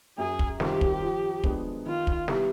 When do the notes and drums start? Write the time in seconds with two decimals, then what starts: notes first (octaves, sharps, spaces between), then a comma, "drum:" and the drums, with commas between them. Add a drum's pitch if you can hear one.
0.18 F#2 G#4
0.39 drum: kick
0.60 D#3 G3 C4 F4 G4, drum: snare
0.81 drum: kick
1.03 F3
1.44 G#3 B3 D4, drum: kick
1.86 D#3 F4
2.07 drum: kick
2.28 G3 B3 E4 G4, drum: snare